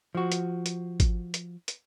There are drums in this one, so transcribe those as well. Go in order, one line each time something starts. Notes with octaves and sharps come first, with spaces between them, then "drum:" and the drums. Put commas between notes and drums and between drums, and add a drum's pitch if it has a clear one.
F3 F#4
drum: hi-hat
drum: hi-hat
drum: kick G#1, hi-hat
drum: hi-hat
drum: hi-hat